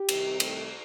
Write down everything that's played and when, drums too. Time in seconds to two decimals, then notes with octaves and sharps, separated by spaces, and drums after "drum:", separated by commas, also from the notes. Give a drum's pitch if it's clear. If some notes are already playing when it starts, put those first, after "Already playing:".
Already playing: G4
0.09 C2 C3 D#3, drum: cymbal
0.40 A3, drum: cymbal